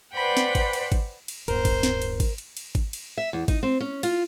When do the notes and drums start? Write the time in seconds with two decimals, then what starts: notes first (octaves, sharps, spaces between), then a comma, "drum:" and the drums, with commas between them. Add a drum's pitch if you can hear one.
0.14 B4 C5 D5 F#5 G5 B5
0.37 drum: snare
0.55 drum: kick G#1, cymbal
0.73 drum: cymbal
0.92 drum: kick G#1, cymbal
1.28 drum: cymbal
1.48 D1 G2 B3 A#4 C5, drum: cymbal
1.65 drum: kick G#1, cymbal
1.83 drum: snare
2.02 drum: cymbal
2.20 drum: kick G#1, cymbal
2.38 drum: cymbal
2.57 drum: cymbal
2.75 drum: kick G#1, cymbal
2.93 drum: cymbal
3.17 E5
3.33 E2
3.48 D#4, drum: kick G#1, cymbal
3.63 C4
3.81 C#4
4.03 F4, drum: cymbal